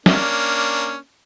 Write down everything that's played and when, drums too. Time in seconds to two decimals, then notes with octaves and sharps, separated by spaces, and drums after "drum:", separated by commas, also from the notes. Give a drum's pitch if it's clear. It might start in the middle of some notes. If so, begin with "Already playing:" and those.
0.06 A#3 C#4 D4, drum: snare